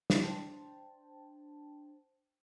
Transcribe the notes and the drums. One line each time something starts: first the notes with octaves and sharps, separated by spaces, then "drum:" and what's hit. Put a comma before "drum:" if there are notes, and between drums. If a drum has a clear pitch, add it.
drum: snare
D4 C5 G5 A5